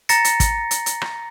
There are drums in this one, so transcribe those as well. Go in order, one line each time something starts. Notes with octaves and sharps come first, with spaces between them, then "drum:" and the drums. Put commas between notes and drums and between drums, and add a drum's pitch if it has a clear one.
A#5 A6 A#6 C#7, drum: hi-hat
drum: hi-hat
drum: kick, hi-hat
drum: hi-hat
drum: hi-hat
drum: rim click